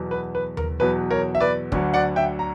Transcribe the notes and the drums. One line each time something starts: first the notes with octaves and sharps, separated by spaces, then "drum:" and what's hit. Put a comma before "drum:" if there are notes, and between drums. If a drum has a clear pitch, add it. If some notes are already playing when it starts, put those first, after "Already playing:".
Already playing: E2 B2 F#3
B4
B4
A#4, drum: tom D#2
E2 B2 F#3 B4
A#4 C#5
E5
B4 D5
D2 D3 F#3, drum: kick
D5 F#5
E5 G5
A#5